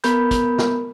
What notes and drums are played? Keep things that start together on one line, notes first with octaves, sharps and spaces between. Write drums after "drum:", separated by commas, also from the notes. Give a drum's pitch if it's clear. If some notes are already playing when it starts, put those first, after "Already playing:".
B3 A#4 B5 G6, drum: hi-hat
drum: kick, hi-hat
drum: snare